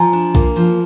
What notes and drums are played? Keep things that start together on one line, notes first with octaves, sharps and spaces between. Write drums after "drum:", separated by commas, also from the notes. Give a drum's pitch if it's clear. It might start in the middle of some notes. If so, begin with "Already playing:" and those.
Already playing: F3 G#5 A#5
D4
A#3, drum: kick B1
F3